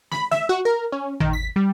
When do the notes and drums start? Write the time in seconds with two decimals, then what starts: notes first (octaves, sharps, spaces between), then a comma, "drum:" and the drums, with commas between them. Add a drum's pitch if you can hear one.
0.12 B5, drum: snare
0.31 E5, drum: snare
0.49 F#4
0.65 A#4
0.92 C#4
1.20 D#3, drum: tom G#1
1.33 B6
1.56 G3